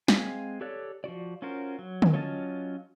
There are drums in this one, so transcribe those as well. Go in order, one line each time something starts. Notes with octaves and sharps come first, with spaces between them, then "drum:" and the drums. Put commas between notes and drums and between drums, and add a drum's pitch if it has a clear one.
G#3 C4 F5 G#5, drum: snare
G4 A4 C#5 D5 F#6
F3 F4 F#4 D5
C#4 F4 F#4 A#4 C5
F#3
drum: tom D3
F#3 C#4 F4 D#5 A5